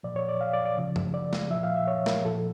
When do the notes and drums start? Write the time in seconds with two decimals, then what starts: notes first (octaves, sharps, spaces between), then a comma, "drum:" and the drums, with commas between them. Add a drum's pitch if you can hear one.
0.03 A#2 F3 D5
0.16 C#5
0.29 D5
0.41 F5
0.53 D5
0.65 D5
0.78 C#3 F3
0.96 drum: tom F#2
1.14 D5
1.33 drum: snare
1.51 A#2 F3 E5
1.63 F5
1.76 E5
1.87 C#5
2.06 A#4, drum: snare
2.25 A#2 F3 A4